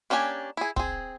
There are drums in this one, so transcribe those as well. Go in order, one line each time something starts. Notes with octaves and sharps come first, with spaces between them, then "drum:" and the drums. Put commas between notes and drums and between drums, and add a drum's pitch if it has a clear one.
A#3 C#4 D4 G4 G#5
E4 G#4
C4 G#4, drum: kick